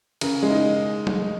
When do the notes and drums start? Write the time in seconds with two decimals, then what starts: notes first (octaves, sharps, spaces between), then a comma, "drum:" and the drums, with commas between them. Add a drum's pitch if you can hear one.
0.21 C#3 A#4, drum: cymbal
0.43 G#3
0.50 D#4
1.07 drum: tom F#3